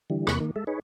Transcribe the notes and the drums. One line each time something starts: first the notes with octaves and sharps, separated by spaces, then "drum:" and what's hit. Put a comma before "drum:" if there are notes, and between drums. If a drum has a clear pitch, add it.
D3 E3 G3
E2 C3 A#3 B5 C#6 F#6, drum: rim click
D#3 A#3
G#3 A4 E5
D#4 G#4 B4 C#5